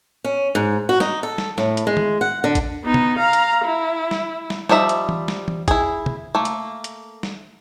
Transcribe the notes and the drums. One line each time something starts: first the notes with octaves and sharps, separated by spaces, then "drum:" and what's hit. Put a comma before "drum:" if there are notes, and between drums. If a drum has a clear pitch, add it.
C#4
G#2
F#4
D#4, drum: snare
A4
drum: snare
A2, drum: snare
drum: hi-hat
G#3
drum: tom
F#5
D3
drum: kick, hi-hat
B3 D#4
drum: tom
F5 A#5
drum: hi-hat
E4
drum: snare
drum: snare
F3 G3 D#4 E5 A#5, drum: snare
drum: hi-hat
drum: tom
drum: snare
drum: tom
E4 G#4, drum: kick, hi-hat
drum: tom
A3 A#3
drum: hi-hat
drum: hi-hat
drum: snare